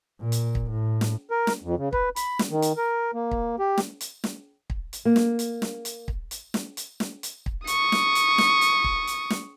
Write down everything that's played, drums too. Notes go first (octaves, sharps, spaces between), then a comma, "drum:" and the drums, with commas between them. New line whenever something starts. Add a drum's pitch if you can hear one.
A#2
drum: hi-hat
drum: kick
A2
drum: snare
A#4
drum: snare
F2
C#3
B4, drum: kick
B5, drum: hi-hat
drum: snare
D#3
drum: hi-hat
A#4
A#3
drum: kick
G4
drum: snare
drum: hi-hat
drum: snare
drum: kick
drum: hi-hat
A#3
drum: snare
drum: hi-hat
drum: snare
drum: hi-hat
drum: kick
drum: hi-hat
drum: snare
drum: hi-hat
drum: snare
drum: hi-hat
drum: kick
C#6 D#6, drum: hi-hat
drum: snare
drum: hi-hat
drum: snare
drum: hi-hat
drum: kick
drum: hi-hat
drum: snare